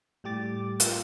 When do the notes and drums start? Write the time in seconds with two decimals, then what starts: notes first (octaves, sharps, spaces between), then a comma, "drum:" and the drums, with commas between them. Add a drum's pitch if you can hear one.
0.24 A2 G3 G4 D6 A6
0.80 A#3 F4 A#4 G5, drum: hi-hat